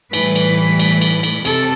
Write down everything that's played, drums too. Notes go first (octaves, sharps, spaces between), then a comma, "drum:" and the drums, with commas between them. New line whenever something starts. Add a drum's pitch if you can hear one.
A2 E3 G3 B4, drum: cymbal
drum: cymbal
drum: cymbal
drum: cymbal
drum: cymbal
C3 A4, drum: cymbal